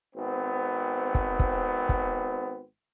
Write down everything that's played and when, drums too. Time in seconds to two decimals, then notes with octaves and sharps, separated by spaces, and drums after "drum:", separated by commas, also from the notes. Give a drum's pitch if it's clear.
0.15 G#1 B3 C4
1.15 drum: kick
1.39 drum: kick
1.89 drum: kick